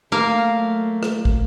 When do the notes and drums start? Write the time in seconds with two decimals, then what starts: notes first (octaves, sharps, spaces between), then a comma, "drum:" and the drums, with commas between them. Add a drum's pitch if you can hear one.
0.12 F#3 A3 A#3 F5
1.03 drum: rim click
1.25 drum: kick